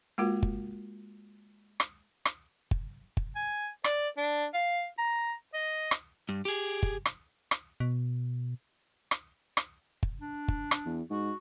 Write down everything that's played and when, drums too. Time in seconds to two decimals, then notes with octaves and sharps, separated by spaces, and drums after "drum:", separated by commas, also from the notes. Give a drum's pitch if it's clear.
0.18 G#3 A#3 F4 F#4 A#4
0.43 drum: kick
1.80 drum: rim click
2.25 drum: rim click
2.71 drum: kick
3.17 drum: kick
3.36 G#5
3.84 D5, drum: rim click
4.17 D4
4.54 F5
4.98 A#5
5.54 D#5
5.91 drum: rim click
6.29 G2
6.45 G4 G#4
6.83 drum: kick
7.05 drum: rim click
7.51 drum: rim click
7.80 B2
9.11 drum: rim click
9.57 drum: rim click
10.03 drum: kick
10.21 D4
10.48 drum: kick
10.71 drum: rim click
10.86 E2
11.10 G#2 F#4